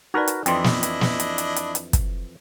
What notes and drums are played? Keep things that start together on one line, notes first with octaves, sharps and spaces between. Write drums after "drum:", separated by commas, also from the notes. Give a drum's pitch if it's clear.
D#4 F#4 A#4 B4 D5
drum: hi-hat
F2 E3 D4 E4 D#5 G5 C6, drum: hi-hat
drum: snare
drum: hi-hat
drum: snare
drum: hi-hat
drum: hi-hat
drum: hi-hat
drum: hi-hat
drum: kick, hi-hat